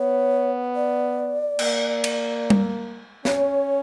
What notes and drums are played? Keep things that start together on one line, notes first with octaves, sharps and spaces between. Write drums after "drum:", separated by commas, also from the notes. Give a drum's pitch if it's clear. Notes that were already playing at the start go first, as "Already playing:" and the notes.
Already playing: B3 C#5
D5
A#3, drum: cymbal
drum: cymbal
drum: tom
C#4 C#5, drum: snare